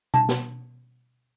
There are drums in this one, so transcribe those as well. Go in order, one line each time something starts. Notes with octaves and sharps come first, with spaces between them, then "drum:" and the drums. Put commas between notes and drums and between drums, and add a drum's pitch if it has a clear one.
A5, drum: tom B2
drum: snare